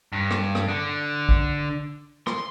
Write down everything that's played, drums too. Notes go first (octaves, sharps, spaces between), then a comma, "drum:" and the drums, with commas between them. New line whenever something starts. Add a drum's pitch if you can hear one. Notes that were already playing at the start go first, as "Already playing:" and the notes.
G2
drum: rim click
drum: rim click
D3
drum: kick
C6, drum: rim click